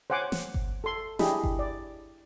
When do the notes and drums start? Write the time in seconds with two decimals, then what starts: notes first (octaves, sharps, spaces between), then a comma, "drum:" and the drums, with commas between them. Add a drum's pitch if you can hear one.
0.10 C5 C#5 F#5 G#5 D6
0.32 drum: snare
0.54 drum: kick G1
0.84 A4 C6
1.19 D4 E4 G4 G#4 D#5 B5, drum: snare
1.44 drum: kick G1
1.59 D5